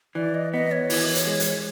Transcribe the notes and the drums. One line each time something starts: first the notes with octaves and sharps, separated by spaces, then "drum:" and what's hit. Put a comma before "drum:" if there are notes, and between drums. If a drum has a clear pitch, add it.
E3 D5
D#5
B3 D#5
C#5
E3, drum: open hi-hat
drum: hi-hat
G#3
drum: hi-hat